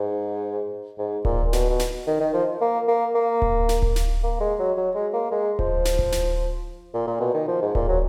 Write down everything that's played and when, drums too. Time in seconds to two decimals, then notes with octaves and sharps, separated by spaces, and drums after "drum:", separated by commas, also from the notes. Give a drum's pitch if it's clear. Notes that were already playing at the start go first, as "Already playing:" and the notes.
Already playing: G#2
0.99 G#2
1.25 A#2, drum: kick D1
1.53 B2, drum: snare
1.70 B2
1.79 drum: snare
2.07 D#3
2.20 D#3
2.34 F3
2.61 A#3
2.88 A#3
3.15 A#3
3.42 drum: kick D1
3.69 drum: snare
3.82 drum: kick D1
3.96 drum: snare
4.23 A#3
4.40 G#3
4.59 F#3
4.77 F#3
4.95 G#3
5.14 A#3
5.31 G#3
5.59 F3, drum: kick D1
5.85 drum: snare
5.99 drum: kick D1
6.12 drum: snare
6.94 A#2
7.07 A#2
7.20 B2
7.34 D#3
7.48 F3
7.62 G#2
7.75 A#2, drum: kick D1
7.89 F#3